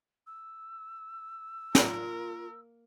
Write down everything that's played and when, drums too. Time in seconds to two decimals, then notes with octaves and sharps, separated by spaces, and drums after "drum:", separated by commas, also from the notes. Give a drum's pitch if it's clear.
0.27 E6
1.75 A#3 F4 A#4, drum: snare